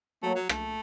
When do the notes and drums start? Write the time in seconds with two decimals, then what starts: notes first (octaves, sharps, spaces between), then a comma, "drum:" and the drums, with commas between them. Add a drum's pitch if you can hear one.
0.23 F#3 A3 A#3
0.35 F#3
0.49 A3, drum: rim click